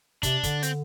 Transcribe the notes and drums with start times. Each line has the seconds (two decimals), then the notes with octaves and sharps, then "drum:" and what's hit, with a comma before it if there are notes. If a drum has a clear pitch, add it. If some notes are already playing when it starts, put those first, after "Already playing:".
0.23 C3 D4, drum: kick, hi-hat
0.43 D3, drum: kick, hi-hat
0.63 C4, drum: hi-hat